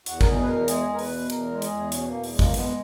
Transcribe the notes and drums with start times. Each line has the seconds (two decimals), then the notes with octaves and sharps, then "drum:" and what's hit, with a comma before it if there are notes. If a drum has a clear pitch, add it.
0.06 E2 F#4, drum: hi-hat
0.21 A#4, drum: kick
0.26 B2 G#4
0.42 B4
0.47 E2 A#4
0.68 G#3 G#4, drum: hi-hat
0.89 E2
0.94 A#4
0.99 B4, drum: open hi-hat
1.09 B2
1.30 E2 A#4, drum: hi-hat
1.52 G#3
1.62 G#4, drum: hi-hat
1.71 E2
1.92 B2 C#4, drum: hi-hat
2.08 A#3
2.14 E2
2.24 drum: open hi-hat
2.33 G#3
2.39 A#3, drum: kick
2.54 G#3 B3, drum: hi-hat